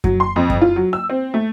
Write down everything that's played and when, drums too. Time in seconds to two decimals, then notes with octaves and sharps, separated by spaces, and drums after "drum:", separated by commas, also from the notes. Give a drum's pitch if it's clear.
0.04 F#3, drum: kick F#2
0.20 C6
0.36 F2
0.50 drum: kick F#2
0.61 F4
0.76 F#3
0.93 E6
1.10 C4
1.34 A3